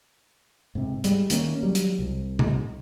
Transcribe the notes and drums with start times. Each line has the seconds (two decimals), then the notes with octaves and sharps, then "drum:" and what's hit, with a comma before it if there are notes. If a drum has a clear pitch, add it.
0.75 G#2 C3
1.04 G3 G#3, drum: hi-hat
1.30 D#3 A#3 C#4, drum: hi-hat
1.63 F#3 G3
1.75 drum: hi-hat
1.99 C2
2.39 drum: tom C3